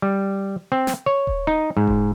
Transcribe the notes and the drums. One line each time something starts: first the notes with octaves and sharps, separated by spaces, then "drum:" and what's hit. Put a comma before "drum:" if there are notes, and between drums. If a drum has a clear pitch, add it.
G3
C4
drum: snare
C#5
drum: kick D#1
D#4
G#2
drum: kick D#1